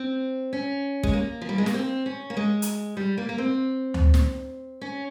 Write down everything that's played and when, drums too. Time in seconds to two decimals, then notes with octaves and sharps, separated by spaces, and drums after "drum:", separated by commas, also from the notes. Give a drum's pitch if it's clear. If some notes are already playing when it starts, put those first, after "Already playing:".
Already playing: C4
0.53 C#4
1.03 G#3, drum: kick
1.13 A#3
1.42 F3
1.49 G3
1.58 G#3
1.66 A#3, drum: snare
1.74 C4
2.06 C#4
2.30 A#3
2.37 G#3
2.62 drum: hi-hat
2.97 G3
3.18 A#3
3.29 A#3
3.38 C4
3.94 drum: tom D2
4.14 drum: snare
4.81 C#4